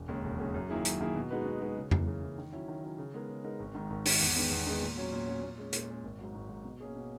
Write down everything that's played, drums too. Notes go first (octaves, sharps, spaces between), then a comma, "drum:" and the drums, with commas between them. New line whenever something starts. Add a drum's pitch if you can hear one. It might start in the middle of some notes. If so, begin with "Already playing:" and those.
Already playing: E1
D#2 C#3 G#3 C#4
E1
D#2 C#3 G#3 C#4
F#2
D#3 A#3 E4 G#4
F#2, drum: hi-hat
D#3 A#3 E4 G#4
B2
G#3 D#4 F#4 B4
B2
G#3 D#4 F#4 B4
C#3
E3 A#3, drum: tom F2
C#3
E3 A#3
D#3
F#3 C#4 E4
D#3
F#3 C#4 E4
C#3
G#3 B3 D#4 A#4
C#3
G#3 B3 D#4 A#4
G#1
G#2 D#3
G#1
G#2 D#3, drum: open hi-hat
E2
D#3 G#3 B3
E2
D#3 G#3 B3
A#2
F#3 C#4
A#2
F#3 C#4
A#2
G#3 C#4
A#2, drum: hi-hat
G#3 C#4
G#1
G#2 F#3
G#1
G#2 F#3
B2
A#3 C#4 G#4
B2